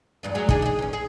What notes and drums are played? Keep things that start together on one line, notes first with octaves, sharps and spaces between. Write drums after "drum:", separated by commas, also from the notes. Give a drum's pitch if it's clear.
E2 G2 D4
F#3 G#3
D4 D#4 G#4, drum: kick
D#4 G#4
E2 C#4
G#4